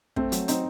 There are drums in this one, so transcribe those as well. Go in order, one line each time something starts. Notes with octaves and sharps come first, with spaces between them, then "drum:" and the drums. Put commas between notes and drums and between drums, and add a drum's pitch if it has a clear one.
A3 C4, drum: kick
F#3, drum: hi-hat
C4 D#4, drum: hi-hat